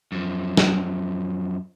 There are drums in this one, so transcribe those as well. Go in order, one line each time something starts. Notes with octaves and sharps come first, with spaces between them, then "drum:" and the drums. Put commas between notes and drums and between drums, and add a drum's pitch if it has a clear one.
F#2 F3
drum: snare